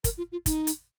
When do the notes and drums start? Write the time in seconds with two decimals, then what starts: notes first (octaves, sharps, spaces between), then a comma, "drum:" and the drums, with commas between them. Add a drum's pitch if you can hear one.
0.04 A#4, drum: kick, hi-hat
0.18 F4
0.32 F4
0.46 D#4, drum: kick, hi-hat
0.67 drum: hi-hat